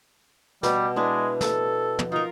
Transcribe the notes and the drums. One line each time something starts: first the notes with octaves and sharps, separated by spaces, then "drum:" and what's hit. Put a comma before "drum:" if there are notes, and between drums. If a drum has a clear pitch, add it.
B2 G3, drum: snare
G#3 D4 E4 B4
A4, drum: snare
drum: tom
D#4 F4 A#4